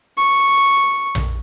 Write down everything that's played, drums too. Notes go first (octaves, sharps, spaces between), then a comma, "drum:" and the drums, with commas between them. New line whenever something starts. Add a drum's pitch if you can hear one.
C#6
drum: tom A#1